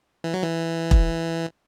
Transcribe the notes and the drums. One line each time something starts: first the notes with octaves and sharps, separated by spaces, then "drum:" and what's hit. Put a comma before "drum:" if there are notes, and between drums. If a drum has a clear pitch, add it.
E3
F#3
E3
drum: kick E1